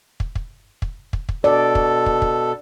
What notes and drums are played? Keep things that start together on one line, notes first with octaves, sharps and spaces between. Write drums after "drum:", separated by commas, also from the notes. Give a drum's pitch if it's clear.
drum: kick
drum: kick
drum: kick
drum: kick
drum: kick
B2 A4 D5
drum: kick
drum: kick
drum: kick